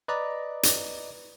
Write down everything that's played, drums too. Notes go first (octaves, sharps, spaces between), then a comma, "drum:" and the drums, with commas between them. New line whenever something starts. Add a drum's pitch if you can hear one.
B4 D5 D#5 A#5
drum: hi-hat